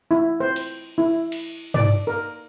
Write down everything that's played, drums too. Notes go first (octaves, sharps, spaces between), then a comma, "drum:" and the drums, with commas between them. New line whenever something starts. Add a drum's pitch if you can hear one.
E4
C5
drum: cymbal
E4
drum: cymbal
D5, drum: tom
A#4